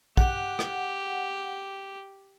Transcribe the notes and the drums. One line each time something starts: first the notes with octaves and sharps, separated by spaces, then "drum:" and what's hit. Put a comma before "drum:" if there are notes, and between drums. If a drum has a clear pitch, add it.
G4 F#5, drum: kick
drum: rim click